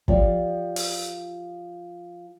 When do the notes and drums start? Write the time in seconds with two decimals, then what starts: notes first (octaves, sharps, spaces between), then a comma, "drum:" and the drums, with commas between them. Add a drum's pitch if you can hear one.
0.08 F3 G4 D5, drum: kick
0.76 drum: open hi-hat